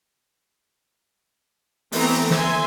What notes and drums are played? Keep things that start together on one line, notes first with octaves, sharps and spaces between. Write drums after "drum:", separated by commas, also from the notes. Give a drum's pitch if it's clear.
E3 A3 B3 C4 A#5, drum: open hi-hat
E5 G#5 C6, drum: snare